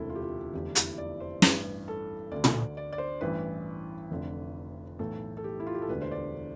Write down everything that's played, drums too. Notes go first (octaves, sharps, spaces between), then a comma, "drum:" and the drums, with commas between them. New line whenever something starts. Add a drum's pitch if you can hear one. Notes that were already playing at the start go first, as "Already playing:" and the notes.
Already playing: E1 D2 C3 E4 A4
F4
G4
F4
F1 E2 D3 G4
E4, drum: hi-hat
D5
C5
A1 G2 E3 B4, drum: snare
A4
D2 D3 D5
drum: tom
D5
D5
C5
A1 G2 E3 B4
F1 F2 D3
B1 A2 E3 A4
A4
G4
E4
F4
G4
A4
E1 D2 D3 B4
C5
D5